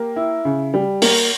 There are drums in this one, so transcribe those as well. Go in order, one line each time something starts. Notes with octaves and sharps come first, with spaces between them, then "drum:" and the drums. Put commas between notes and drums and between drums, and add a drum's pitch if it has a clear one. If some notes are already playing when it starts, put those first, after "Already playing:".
Already playing: A#3 G4
E4
C#3
G3
A#3, drum: open hi-hat